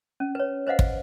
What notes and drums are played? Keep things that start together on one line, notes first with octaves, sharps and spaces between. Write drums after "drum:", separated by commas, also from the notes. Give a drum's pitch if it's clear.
C#4
B4 C#5
B4 C5 D#5 F5 F#5
drum: kick